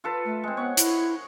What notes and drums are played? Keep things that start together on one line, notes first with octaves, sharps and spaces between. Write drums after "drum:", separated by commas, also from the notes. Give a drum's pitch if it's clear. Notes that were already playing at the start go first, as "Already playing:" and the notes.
F4 A4 B4
A3
G#3 C4
B3 C#5 F#5
E4, drum: hi-hat